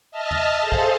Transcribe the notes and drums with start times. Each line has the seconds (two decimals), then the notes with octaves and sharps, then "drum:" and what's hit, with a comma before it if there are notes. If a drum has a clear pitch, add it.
0.11 D#5 E5 A5 F6
0.31 drum: tom
0.61 G#4 A4 C5 F5
0.72 drum: kick A#1